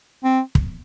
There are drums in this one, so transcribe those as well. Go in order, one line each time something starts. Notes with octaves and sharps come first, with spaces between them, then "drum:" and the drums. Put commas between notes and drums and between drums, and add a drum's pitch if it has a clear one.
C4
drum: kick